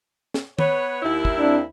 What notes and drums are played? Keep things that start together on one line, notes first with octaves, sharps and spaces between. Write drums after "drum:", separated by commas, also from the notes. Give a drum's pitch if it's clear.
drum: snare
B3 B4 C#5, drum: tom
D#2 E4
drum: kick
C4 D4